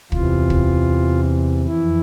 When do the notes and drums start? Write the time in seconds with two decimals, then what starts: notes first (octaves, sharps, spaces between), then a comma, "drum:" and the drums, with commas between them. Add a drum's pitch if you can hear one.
0.12 E2 C3 E3 F4, drum: kick
0.50 drum: kick
1.65 F2 E3 E4